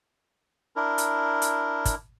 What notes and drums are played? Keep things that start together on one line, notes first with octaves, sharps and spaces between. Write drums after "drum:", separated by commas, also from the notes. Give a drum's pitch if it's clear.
D4 E4 A#4
drum: hi-hat
drum: hi-hat
drum: kick, hi-hat